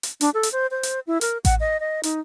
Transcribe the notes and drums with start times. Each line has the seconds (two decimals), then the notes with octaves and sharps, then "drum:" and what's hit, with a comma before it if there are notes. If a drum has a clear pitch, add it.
0.03 drum: hi-hat
0.21 D4, drum: hi-hat
0.34 A4
0.43 drum: hi-hat
0.52 C5
0.71 C5
0.83 drum: hi-hat
1.07 E4
1.21 A#4, drum: hi-hat
1.45 F#5, drum: kick A1, hi-hat
1.60 D#5
1.80 D#5
2.03 D#4, drum: hi-hat